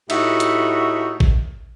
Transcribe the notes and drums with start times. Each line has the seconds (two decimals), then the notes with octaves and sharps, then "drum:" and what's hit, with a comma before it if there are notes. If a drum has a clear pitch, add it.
0.10 A2 D#4 F#4 G4 E5, drum: cymbal
0.40 drum: hi-hat
1.20 drum: kick